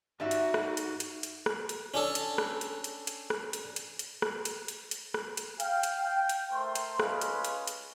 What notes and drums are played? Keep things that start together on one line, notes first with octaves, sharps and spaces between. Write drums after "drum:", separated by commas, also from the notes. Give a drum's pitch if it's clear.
G#2 F#4 G4 D5 E5
drum: hi-hat
drum: rim click
drum: hi-hat
drum: hi-hat
drum: hi-hat
drum: rim click
drum: hi-hat
C#4 D4 A4
drum: hi-hat
drum: rim click
drum: hi-hat
drum: hi-hat
drum: hi-hat
drum: rim click
drum: hi-hat
drum: hi-hat
drum: hi-hat
drum: rim click
drum: hi-hat
drum: hi-hat
drum: hi-hat
drum: rim click
drum: hi-hat
F5 G5, drum: hi-hat
drum: hi-hat
G5
drum: hi-hat
A3 A#4 C5 C6
drum: hi-hat
G#3 C#4 F4 B4 F5, drum: rim click
drum: hi-hat
drum: hi-hat
drum: hi-hat